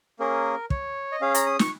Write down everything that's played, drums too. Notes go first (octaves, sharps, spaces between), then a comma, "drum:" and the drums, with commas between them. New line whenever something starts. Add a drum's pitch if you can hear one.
A#3 C#4 G#4 A#4
C#5, drum: kick
D#5
C#4 G#4 F5
A#5, drum: hi-hat
D#6
C#6, drum: snare